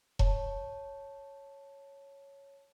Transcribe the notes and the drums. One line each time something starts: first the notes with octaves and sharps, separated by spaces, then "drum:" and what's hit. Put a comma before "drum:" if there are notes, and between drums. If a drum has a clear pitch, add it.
C#5 A5, drum: kick E1